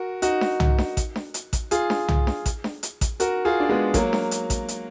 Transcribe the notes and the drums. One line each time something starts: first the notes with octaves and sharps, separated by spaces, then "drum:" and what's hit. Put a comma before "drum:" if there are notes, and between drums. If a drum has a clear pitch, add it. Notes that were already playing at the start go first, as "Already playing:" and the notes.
Already playing: F#4 A#4
D#4 F#4, drum: hi-hat
drum: snare D4
drum: tom
drum: snare D4
drum: kick A1, hi-hat
drum: snare D4
drum: hi-hat
drum: kick A1, hi-hat
F4 G#4, drum: hi-hat
drum: snare D4
drum: tom
drum: snare D4
drum: kick A1, hi-hat
drum: snare D4
drum: hi-hat
drum: kick A1, hi-hat
F#4 A#4, drum: hi-hat
F4 G#4
D4
G#3 B3
F#3 A#3, drum: kick A1, hi-hat
drum: snare D4
drum: hi-hat
drum: kick A1, hi-hat
drum: hi-hat